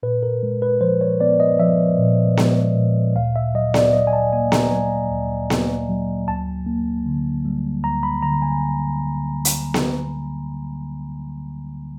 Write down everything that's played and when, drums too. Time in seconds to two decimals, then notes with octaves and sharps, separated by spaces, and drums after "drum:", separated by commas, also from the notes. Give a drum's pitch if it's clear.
0.03 A#2 B4
0.23 A#4
0.43 G#3
0.62 B4
0.81 F3 C5
1.01 C#5
1.20 B3 D5
1.40 D#5
1.59 F3 E5
1.98 A#2
2.37 G#3, drum: snare B3
2.76 A#2
3.16 D2 F5
3.36 E5
3.54 F#3 D#5
3.74 D5, drum: snare B3
3.93 F#3 D#5
4.07 G#5
4.13 A5
4.33 A#3 G#5
4.52 A#5, drum: snare B3
4.71 F#3 G#5
5.10 D2
5.50 A#3, drum: snare B3
5.89 F#3
6.28 D2 A5
6.66 A#3
7.06 D3
7.45 G3
7.84 D2 A#5
8.03 B5
8.22 D3 A#5
8.42 G#5
9.45 drum: hi-hat
9.74 drum: snare B3